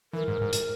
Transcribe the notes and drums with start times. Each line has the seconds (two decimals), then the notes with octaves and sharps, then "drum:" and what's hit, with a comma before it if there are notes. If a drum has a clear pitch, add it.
0.13 E3 A#4
0.28 G#2
0.42 G#2
0.53 drum: hi-hat